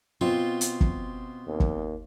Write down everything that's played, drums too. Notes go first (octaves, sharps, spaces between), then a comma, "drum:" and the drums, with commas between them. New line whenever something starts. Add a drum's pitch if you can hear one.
B2 C4 F4
drum: hi-hat
drum: kick
D#2
drum: kick